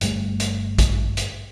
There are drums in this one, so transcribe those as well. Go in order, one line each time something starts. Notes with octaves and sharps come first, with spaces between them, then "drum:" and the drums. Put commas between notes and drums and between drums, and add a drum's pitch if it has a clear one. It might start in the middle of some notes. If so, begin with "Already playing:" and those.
G1 G2 G3 A3, drum: hi-hat
drum: hi-hat
drum: kick A1, hi-hat
drum: hi-hat